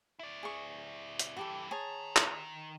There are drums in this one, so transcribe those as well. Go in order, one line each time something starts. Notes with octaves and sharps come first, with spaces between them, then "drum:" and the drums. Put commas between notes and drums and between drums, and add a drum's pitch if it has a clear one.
E4 D5
G#4 C#6
drum: hi-hat
G2 E3 F#4 G4 A4
D#3 G#4 C#5 A5 A#5
drum: clap